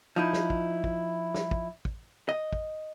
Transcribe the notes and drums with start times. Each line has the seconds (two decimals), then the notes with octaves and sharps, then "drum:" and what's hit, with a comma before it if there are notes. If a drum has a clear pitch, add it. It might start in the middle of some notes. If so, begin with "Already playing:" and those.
0.16 F3 D#4 E4
0.33 drum: snare
0.50 drum: kick
0.84 drum: kick
1.34 drum: snare
1.51 drum: kick
1.85 drum: kick
2.29 D#5
2.53 drum: kick